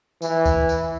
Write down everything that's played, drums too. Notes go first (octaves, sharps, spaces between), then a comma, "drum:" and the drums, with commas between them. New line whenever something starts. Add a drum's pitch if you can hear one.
E3, drum: tambourine
drum: kick D2, tambourine
drum: tambourine